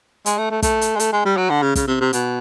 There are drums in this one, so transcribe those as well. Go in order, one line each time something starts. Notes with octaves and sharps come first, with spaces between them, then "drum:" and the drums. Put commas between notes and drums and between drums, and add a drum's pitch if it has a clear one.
G#3, drum: hi-hat
A3
A3
A3, drum: kick, hi-hat
drum: hi-hat
G#3
A3, drum: hi-hat
G#3
G3
F#3
D3
C#3
C#3, drum: kick, hi-hat
C3
C3
B2, drum: hi-hat